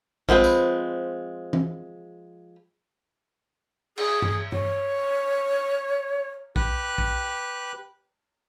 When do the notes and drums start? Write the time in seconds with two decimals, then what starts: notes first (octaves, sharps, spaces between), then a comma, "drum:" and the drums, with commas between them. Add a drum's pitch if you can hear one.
0.29 F3 G#3 C4 B4, drum: kick B1
0.44 drum: tambourine
1.53 drum: tom
3.97 G#4, drum: cymbal
4.22 drum: tom G2
4.52 C#5, drum: tom G2
6.56 G4 B4 F#6, drum: kick B1
6.98 drum: kick B1